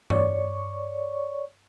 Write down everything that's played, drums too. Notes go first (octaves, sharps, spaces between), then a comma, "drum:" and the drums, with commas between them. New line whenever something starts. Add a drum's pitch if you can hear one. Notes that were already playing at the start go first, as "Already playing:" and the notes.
C#5 D5 C#6, drum: tom G2